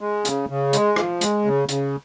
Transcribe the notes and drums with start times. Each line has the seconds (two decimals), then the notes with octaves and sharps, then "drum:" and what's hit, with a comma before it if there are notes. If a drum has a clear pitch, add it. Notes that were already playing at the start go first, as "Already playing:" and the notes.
0.01 G#3
0.25 C#3, drum: hi-hat
0.49 C#3
0.73 G#3, drum: hi-hat
0.96 F3, drum: rim click
1.21 G#3, drum: hi-hat
1.45 C#3
1.69 C#3, drum: hi-hat